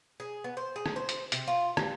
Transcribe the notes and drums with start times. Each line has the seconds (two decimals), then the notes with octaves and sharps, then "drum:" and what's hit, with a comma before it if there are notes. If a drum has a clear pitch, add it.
0.20 G#4
0.44 B3
0.57 C5
0.76 G#4
0.86 drum: rim click
0.96 C5
1.09 drum: hi-hat
1.32 C3, drum: hi-hat
1.48 F4
1.77 G3, drum: rim click